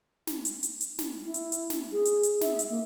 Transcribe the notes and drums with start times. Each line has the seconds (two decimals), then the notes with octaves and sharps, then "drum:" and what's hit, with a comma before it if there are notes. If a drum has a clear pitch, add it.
0.27 drum: snare
0.45 drum: hi-hat
0.63 drum: hi-hat
0.81 drum: hi-hat
0.99 drum: snare
1.24 E4
1.34 drum: hi-hat
1.52 drum: hi-hat
1.70 drum: snare
1.92 G#4
2.06 drum: hi-hat
2.23 drum: hi-hat
2.41 E5, drum: snare
2.59 drum: hi-hat
2.70 A#3